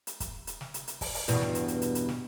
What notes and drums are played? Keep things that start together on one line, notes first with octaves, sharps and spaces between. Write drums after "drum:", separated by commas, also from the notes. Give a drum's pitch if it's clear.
drum: hi-hat
drum: kick, hi-hat
drum: hi-hat
drum: snare
drum: hi-hat
drum: hi-hat
drum: kick, open hi-hat
drum: open hi-hat
E2 G2 B2, drum: hi-hat
drum: snare
drum: hi-hat
drum: hi-hat
drum: hi-hat
drum: hi-hat
drum: snare